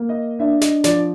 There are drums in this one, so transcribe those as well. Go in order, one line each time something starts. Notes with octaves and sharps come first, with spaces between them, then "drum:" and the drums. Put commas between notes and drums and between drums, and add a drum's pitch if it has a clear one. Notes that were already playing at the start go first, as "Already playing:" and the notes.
Already playing: A#3
D#5
D4 E5
D#5, drum: snare
F3 D5, drum: snare